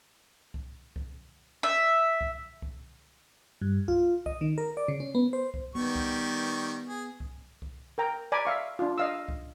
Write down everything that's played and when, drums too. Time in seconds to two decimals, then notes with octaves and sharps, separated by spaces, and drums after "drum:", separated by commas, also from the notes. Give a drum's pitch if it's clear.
0.54 drum: kick C2
0.96 drum: kick C2
1.63 E5
2.21 drum: kick C2
2.62 drum: kick C2
3.62 G2
3.88 F4, drum: kick C2
4.26 D#5, drum: kick C2
4.41 D#3
4.58 A#4
4.77 D5
4.88 C#3
5.00 C#4
5.15 B3
5.33 C5
5.54 drum: kick C2
5.75 D#3 G3 B3 C#6
5.95 drum: kick C2
6.88 G#4
7.20 drum: kick C2
7.62 drum: kick C2
7.98 A#4 G5 A#5
8.32 D5 G#5 A#5 B5 D6
8.45 E5 F5 C#6
8.79 D4 F4
8.98 D#5 F5 E6
9.29 drum: kick C2